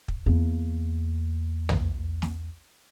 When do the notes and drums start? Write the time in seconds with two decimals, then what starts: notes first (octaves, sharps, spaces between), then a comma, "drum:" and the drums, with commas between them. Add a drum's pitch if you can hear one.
0.08 drum: kick
0.26 E2 A#3
1.69 drum: tom
2.22 drum: snare